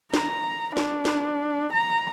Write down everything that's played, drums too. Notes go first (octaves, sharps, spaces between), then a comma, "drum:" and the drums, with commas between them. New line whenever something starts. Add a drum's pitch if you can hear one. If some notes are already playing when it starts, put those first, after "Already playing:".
A#5, drum: snare
D4, drum: snare
drum: snare
A#5